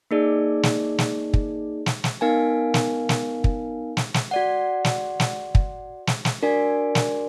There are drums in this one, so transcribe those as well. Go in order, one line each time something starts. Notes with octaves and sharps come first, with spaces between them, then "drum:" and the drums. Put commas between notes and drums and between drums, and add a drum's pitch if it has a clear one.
A#3 D#4 G#4 D5
drum: snare
drum: snare
drum: kick
drum: snare
drum: snare
B3 D#4 A#4 F5 G#5
drum: snare
drum: snare
drum: kick
drum: snare
drum: snare
F#4 D5 F#5
drum: snare
drum: snare
drum: kick
drum: snare
drum: snare
D4 F#4 A#4 D5 G#5
drum: snare